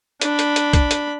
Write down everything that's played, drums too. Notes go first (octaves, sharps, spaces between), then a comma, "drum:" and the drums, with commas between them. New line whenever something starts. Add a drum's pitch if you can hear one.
D4 B5, drum: hi-hat
drum: hi-hat
drum: hi-hat
drum: kick, hi-hat
drum: hi-hat